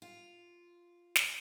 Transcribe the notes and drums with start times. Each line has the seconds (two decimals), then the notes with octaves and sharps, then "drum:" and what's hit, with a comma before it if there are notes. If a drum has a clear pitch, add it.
0.02 F4
1.16 drum: snare